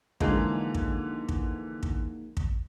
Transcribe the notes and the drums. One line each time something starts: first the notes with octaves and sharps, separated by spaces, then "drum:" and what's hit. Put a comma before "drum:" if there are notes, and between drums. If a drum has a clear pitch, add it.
D3 E3 F3 G#3 A#3 D#4 G#4, drum: kick
drum: kick
drum: kick
drum: kick
drum: kick